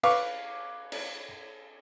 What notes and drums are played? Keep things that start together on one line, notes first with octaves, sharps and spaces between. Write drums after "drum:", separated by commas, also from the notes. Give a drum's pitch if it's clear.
B4 F5 C#6 D6, drum: cymbal
drum: cymbal